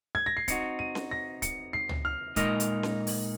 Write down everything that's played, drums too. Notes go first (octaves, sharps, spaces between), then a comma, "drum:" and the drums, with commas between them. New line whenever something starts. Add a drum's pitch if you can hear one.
G#6
A#6
C7
C4 D#4 F#4 C#7, drum: kick D1, hi-hat
D#7
drum: snare C#4
A#6
C#7, drum: kick D1, hi-hat
C7
drum: tom
F6
A#2 G#3 D#4 A#4 D#5, drum: kick D1, hi-hat
drum: hi-hat
drum: snare C#4
drum: open hi-hat